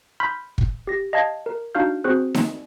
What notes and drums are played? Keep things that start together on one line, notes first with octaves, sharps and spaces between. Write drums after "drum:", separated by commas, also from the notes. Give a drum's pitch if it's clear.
B5 C6 F6 G6 B6
drum: kick
G4 A#6
D#5 F5 A5 G#6
A#4
D4 D#4 F#4 F5 F6 G6
C4 F#4 G#4 C5 F#6
drum: snare D#4